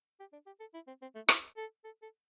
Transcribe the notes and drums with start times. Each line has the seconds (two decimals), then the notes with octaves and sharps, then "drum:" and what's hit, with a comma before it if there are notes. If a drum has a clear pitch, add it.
0.20 G4
0.33 D4
0.46 G4
0.60 A4
0.74 E4
0.87 C4
1.02 C4
1.15 A3
1.28 E4, drum: rim click
1.57 A4
1.84 A4
2.02 A4